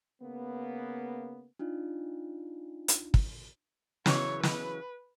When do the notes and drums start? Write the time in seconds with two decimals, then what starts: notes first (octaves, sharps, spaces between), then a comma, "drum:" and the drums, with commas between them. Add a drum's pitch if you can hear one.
0.21 C#3 A#3 B3
1.59 D4 D#4 F4
2.88 drum: hi-hat
3.14 drum: kick
4.06 C#3 E3 F#3 C#5, drum: snare
4.43 B4, drum: snare